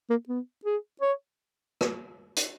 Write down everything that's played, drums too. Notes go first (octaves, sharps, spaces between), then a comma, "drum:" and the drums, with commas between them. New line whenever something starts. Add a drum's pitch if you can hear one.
A#3
B3
G#4
C#5
drum: rim click
drum: hi-hat